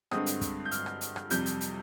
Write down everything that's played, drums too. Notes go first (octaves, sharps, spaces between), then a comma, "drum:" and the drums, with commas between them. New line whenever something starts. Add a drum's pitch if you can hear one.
G2 D3 G#3 C4 D#6, drum: rim click
drum: hi-hat
drum: kick, hi-hat
G6
F6, drum: hi-hat
drum: rim click
drum: hi-hat
drum: rim click
F2 C3 G3 G6, drum: hi-hat
drum: hi-hat
drum: hi-hat